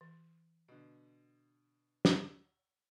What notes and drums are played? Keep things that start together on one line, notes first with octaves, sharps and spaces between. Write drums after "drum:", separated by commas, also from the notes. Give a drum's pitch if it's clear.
E3
B2 D3
drum: snare